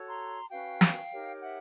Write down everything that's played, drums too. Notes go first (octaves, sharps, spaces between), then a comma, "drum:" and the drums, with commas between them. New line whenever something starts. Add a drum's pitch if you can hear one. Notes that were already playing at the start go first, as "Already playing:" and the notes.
Already playing: F#4 A4 C#5
A#5 C6
C#4 F#4 B4 F5 G5
drum: snare
D#4 G4 A#4 C#5
E5 F#5